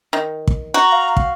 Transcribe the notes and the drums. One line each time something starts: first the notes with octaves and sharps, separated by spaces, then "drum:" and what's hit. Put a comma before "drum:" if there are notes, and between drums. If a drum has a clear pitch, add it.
D#3
drum: kick
F#4 A#5
F5
drum: kick